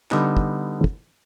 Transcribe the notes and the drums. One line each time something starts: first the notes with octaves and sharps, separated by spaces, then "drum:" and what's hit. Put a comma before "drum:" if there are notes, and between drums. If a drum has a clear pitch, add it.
D3 G3 B3 D#4, drum: clap
drum: kick
drum: kick